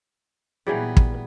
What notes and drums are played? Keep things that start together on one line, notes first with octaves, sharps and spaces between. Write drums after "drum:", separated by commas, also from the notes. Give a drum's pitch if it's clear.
A#2 E3 F#3 G3 B3 G#4 C#5
drum: kick